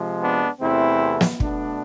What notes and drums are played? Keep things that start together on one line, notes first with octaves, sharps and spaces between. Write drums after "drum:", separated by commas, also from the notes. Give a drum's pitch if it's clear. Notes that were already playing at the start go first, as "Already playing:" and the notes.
Already playing: C3 F3 G#3
B3 D4
E2 C3 E3 A3 C4 E4
drum: snare
B2 A3 B3 D4, drum: kick